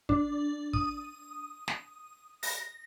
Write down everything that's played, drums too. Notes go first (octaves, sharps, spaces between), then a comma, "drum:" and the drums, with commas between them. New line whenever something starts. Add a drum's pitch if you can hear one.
D4, drum: kick
D#6, drum: kick
drum: snare
A#6, drum: open hi-hat